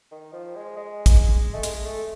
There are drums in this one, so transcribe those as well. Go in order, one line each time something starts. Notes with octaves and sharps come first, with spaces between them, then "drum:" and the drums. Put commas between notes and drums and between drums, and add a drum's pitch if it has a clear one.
D#3
F3
G#3
G#3
drum: kick, hi-hat
A3
G#3, drum: hi-hat
A3